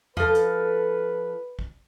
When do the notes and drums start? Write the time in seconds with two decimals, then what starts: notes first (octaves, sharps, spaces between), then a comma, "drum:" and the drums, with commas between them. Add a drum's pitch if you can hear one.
0.17 F3 A4 B4, drum: tom E2
0.35 drum: hi-hat
1.59 drum: kick